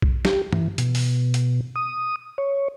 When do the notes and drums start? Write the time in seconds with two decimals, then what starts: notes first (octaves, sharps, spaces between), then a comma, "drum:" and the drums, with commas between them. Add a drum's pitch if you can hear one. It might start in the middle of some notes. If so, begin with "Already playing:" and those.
0.02 drum: kick B1
0.25 G4, drum: snare
0.53 E3, drum: tom
0.78 B2, drum: hi-hat
0.95 drum: open hi-hat
1.34 drum: hi-hat
1.76 D#6
2.38 C#5